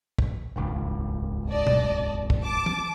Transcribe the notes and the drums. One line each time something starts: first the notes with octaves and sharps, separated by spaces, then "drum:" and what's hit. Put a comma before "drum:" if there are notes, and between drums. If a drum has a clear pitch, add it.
drum: kick
D#1 G#1 C#2
D5 D#5 A5
drum: tom
drum: kick
A5 D6
drum: tom